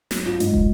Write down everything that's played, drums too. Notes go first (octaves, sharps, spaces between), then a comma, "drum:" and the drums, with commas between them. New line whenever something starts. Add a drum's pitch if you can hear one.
F#3, drum: snare
F4
G#2, drum: hi-hat
drum: kick